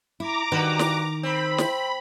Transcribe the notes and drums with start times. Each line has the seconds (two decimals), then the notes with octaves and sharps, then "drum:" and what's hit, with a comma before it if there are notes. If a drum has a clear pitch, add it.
0.20 E4 A#5 D6
0.52 G2 D#3 F#4 B4
0.79 drum: snare
1.23 C4 B5
1.58 drum: snare